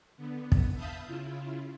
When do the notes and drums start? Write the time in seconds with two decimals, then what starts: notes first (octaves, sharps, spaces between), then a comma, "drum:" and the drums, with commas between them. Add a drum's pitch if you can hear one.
0.17 D3 B3
0.52 drum: kick
0.75 E5 F5 A5 B5 D#6 G6
1.06 C#3 E4 F4